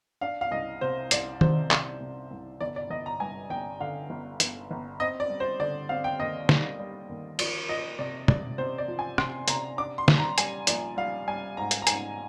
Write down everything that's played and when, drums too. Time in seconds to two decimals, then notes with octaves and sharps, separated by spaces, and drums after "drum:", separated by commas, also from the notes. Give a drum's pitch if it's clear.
0.21 D4 F5
0.41 F5
0.51 C2 D#5
0.81 C3 C5
1.11 C2 D5, drum: hi-hat
1.41 C3 C5, drum: tom D#3
1.71 C3, drum: clap
2.01 C3
2.31 C2
2.61 G1 D5
2.76 D5
2.90 G1 D#5
3.06 A#5
3.20 G2 G#5
3.50 G1 G5
3.80 D3 F5
4.10 G1
4.40 G1, drum: hi-hat
4.71 G1
5.00 C4 D#5
5.20 D5
5.30 G3
5.40 C5
5.60 D3 D5
5.89 C4 F5
6.04 G5
6.19 D#2 D#5
6.49 G3, drum: snare
6.79 G3
7.09 D#2
7.39 F3 D5, drum: cymbal
7.69 F3 D#5
7.99 C3 D5
8.28 C3 D5, drum: tom
8.58 C3 C5
8.78 D5
8.88 F3
8.99 G#5
9.18 C3 C6, drum: rim click
9.48 C3 A#5, drum: hi-hat
9.78 D4 D6
9.98 C6
10.08 G3, drum: snare
10.18 A#5
10.38 G3 G#5, drum: hi-hat
10.67 A#1 D5, drum: hi-hat
10.97 G3 F5
11.27 G3 G#5
11.57 G#2 A#5
11.71 drum: hi-hat
11.82 A#5
11.87 G#2 G#5, drum: hi-hat